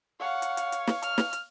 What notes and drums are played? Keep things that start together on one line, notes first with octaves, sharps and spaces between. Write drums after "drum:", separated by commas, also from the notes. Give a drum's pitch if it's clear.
C#5 F5 F#5
drum: hi-hat
drum: hi-hat
drum: hi-hat
drum: snare
F6, drum: hi-hat
drum: snare
drum: hi-hat